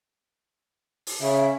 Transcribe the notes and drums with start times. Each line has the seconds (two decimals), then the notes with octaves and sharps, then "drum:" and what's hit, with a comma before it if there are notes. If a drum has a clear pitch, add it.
1.07 drum: open hi-hat
1.21 C#3 E5